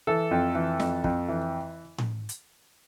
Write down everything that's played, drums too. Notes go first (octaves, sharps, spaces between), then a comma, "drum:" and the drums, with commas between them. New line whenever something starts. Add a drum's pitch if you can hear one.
E3 A4
F2
E3
F2, drum: snare
F2, drum: kick
E3
drum: tom A2
drum: hi-hat